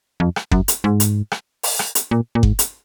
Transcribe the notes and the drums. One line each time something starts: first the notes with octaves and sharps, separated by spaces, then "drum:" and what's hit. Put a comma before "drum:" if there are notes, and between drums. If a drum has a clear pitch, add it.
F2
drum: rim click
F#2, drum: kick G1
drum: hi-hat
G#2
drum: hi-hat
drum: rim click
drum: open hi-hat
drum: rim click
drum: hi-hat
A#2
A#2
G#2, drum: kick G1
drum: hi-hat